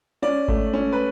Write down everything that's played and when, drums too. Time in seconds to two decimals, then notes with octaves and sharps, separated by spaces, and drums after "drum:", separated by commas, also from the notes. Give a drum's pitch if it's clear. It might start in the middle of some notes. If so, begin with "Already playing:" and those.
0.22 C#4 D5
0.48 A3, drum: kick G#1
0.73 C#4
0.92 B4